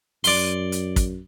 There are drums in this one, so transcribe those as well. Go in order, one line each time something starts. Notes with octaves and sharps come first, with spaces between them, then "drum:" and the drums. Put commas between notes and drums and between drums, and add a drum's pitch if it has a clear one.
F#2 D5 C6, drum: open hi-hat
drum: hi-hat
drum: kick, hi-hat